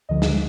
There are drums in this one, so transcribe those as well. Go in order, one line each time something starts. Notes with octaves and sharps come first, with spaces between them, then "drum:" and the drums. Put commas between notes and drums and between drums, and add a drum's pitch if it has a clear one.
D2 D3 F3 D#5
drum: snare